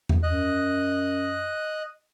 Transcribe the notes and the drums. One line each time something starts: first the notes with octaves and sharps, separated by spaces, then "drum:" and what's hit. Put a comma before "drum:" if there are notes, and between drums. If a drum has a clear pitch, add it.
drum: tom E2
F#2 D#5 F#6